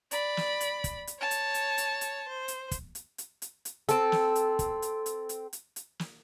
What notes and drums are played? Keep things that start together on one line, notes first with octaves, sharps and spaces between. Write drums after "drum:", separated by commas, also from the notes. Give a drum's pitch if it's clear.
D5 B5, drum: hi-hat
drum: snare
drum: hi-hat
drum: kick, hi-hat
drum: hi-hat
C#5 A5
drum: hi-hat
drum: hi-hat
drum: hi-hat
drum: hi-hat
C5
drum: hi-hat
drum: kick, hi-hat
drum: hi-hat
drum: hi-hat
drum: hi-hat
drum: hi-hat
C4 A4, drum: hi-hat
drum: snare
drum: hi-hat
drum: kick, hi-hat
drum: hi-hat
drum: hi-hat
drum: hi-hat
drum: hi-hat
drum: hi-hat
drum: snare